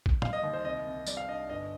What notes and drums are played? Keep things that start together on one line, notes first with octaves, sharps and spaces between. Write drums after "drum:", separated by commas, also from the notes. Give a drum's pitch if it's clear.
drum: kick A1
G3 F5, drum: tom
D#5
D#2
C5
C2 D#5
C2
G3 D5, drum: tambourine
F5
D4 D#5
G1 D#5